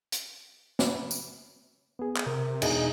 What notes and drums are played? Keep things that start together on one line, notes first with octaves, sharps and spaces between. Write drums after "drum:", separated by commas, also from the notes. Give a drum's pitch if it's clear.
drum: hi-hat
drum: snare
drum: tambourine
B3 G#4
drum: clap
C3 A#4
E2 B2 G#3 D4 D#4, drum: cymbal